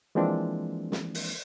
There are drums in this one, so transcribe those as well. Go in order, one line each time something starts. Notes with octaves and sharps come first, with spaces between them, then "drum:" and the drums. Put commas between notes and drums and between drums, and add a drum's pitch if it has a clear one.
E3 F3 G#3 A#3 C4 D4
drum: snare
drum: open hi-hat